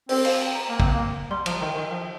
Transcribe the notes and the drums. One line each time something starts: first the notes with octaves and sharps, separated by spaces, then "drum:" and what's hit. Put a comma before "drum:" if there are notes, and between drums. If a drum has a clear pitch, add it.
C4 C5, drum: open hi-hat
F5, drum: cymbal
G5
A#5
A#3 A#5
C4, drum: kick
A#3
G3 C6
F3, drum: cymbal
A#5
D#3
G5
D#3
F3